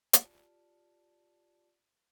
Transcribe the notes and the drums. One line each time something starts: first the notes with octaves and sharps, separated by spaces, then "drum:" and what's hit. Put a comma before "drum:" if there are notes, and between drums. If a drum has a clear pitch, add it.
F4 G4 D5 A5, drum: hi-hat